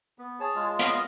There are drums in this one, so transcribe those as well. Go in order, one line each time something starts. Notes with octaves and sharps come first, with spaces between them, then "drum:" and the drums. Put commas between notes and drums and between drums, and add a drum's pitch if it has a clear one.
B3
G#4 C#5 A5
G#3 F4
B3 D#5 F5, drum: hi-hat